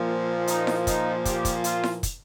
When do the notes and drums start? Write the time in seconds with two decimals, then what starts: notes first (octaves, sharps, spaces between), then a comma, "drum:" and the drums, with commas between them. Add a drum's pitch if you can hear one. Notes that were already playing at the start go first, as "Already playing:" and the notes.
Already playing: A#2 F3
0.47 D#4, drum: hi-hat
0.67 drum: snare E4
0.87 D#4, drum: kick, hi-hat
1.25 G4, drum: kick, hi-hat
1.45 drum: kick, hi-hat
1.64 F4, drum: hi-hat
1.84 drum: snare E4
2.03 drum: kick, hi-hat